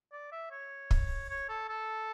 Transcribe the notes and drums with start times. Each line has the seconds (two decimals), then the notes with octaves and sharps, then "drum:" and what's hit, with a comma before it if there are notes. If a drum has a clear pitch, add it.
0.12 D5
0.32 E5
0.51 C#5
0.91 drum: kick
1.29 C#5
1.49 A4
1.69 A4